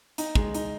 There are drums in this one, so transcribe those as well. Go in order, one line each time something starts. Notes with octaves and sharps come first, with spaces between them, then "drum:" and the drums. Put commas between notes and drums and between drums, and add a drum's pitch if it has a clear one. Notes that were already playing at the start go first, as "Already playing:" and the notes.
D#4, drum: hi-hat
G#3, drum: kick
D#4, drum: hi-hat